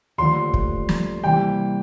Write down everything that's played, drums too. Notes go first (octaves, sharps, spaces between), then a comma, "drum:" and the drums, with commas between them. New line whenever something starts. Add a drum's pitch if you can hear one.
D#2 D3 F3 A3 C6
drum: kick
drum: snare
C3 E3 G3 A#3 G5